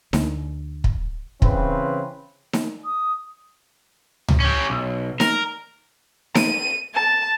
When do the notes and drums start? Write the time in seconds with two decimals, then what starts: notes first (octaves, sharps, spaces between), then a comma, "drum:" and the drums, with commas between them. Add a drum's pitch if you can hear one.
0.13 D2, drum: snare D#4
0.84 drum: kick
1.42 C#3 E3 C4 B4, drum: kick
2.53 drum: snare D#4
2.85 D#6
4.28 drum: tom C#2
4.40 C#4 G4
4.70 B1
5.20 A#4, drum: snare D#4
6.35 D#7, drum: snare D#4
6.94 A5